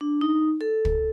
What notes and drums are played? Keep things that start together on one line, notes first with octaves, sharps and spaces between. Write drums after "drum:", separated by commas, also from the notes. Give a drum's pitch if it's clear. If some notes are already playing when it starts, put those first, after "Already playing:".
D4
D#4
A4
drum: kick